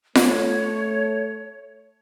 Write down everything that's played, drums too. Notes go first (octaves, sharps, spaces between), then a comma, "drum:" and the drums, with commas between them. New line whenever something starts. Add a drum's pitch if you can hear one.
A3 C#5, drum: snare F4